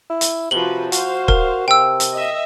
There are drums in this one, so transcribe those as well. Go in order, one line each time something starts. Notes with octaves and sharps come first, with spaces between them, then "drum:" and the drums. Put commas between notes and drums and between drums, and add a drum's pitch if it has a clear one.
E4
drum: hi-hat
C3 F3 F#4 B4 F#7 G7
F#4 C5 F5, drum: hi-hat
A#4, drum: kick
C3 G5 E6
drum: hi-hat
D#5 E5